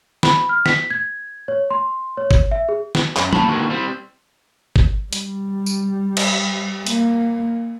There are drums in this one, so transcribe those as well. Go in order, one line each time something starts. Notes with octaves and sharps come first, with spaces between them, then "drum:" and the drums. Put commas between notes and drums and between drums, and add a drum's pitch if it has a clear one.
B5, drum: snare
F6
B6, drum: snare
G#6
C#5
C6
C#5
drum: kick
E5
G#4
drum: snare
F#2, drum: clap
A#3 A5 B5, drum: tom F3
D3 D#3 G#3 A#3 F#4
G3 C4
drum: kick
G3, drum: hi-hat
drum: tambourine
drum: cymbal
A#3, drum: hi-hat